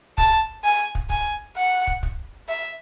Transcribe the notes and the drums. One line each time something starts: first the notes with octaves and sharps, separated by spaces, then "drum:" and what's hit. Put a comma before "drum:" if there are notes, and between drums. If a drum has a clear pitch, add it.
A5, drum: kick
G#5
drum: kick
G#5, drum: kick
F#5
drum: kick
drum: kick
E5